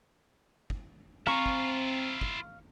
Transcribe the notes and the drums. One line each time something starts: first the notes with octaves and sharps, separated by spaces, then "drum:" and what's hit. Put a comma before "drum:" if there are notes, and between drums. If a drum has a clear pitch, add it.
drum: kick
C4 E4 F4 F5 G#5 A#5 C#6
drum: kick
drum: kick